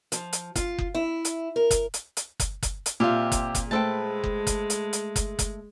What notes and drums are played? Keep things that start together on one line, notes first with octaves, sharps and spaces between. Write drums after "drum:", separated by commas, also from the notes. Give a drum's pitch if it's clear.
F3, drum: hi-hat
drum: hi-hat
F4, drum: kick F#1, hi-hat
drum: kick F#1
E4
drum: hi-hat
A#4
drum: kick F#1, hi-hat
drum: hi-hat
drum: hi-hat
drum: kick F#1, hi-hat
drum: kick F#1, hi-hat
drum: hi-hat
A#2 C4 G4 E5 F5
drum: kick F#1, hi-hat
drum: kick F#1, hi-hat
G#3 A3 A4 B4 C5 G5 A5
drum: kick F#1
drum: kick F#1, hi-hat
drum: hi-hat
drum: hi-hat
drum: kick F#1, hi-hat
drum: kick F#1, hi-hat